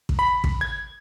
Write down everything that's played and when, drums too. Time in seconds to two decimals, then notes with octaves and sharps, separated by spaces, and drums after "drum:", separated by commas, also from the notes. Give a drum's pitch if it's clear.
0.09 drum: kick
0.19 B5
0.44 drum: kick
0.61 G#6